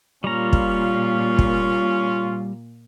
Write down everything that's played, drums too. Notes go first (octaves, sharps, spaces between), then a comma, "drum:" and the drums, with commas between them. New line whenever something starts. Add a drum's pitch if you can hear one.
A#2 G3 C#4 F4 A#5
drum: kick
drum: kick